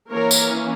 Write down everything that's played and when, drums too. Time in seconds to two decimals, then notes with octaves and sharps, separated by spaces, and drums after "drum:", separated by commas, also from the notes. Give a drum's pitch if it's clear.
0.10 E3 A#3 C#4 A#4 C#5
0.31 drum: tambourine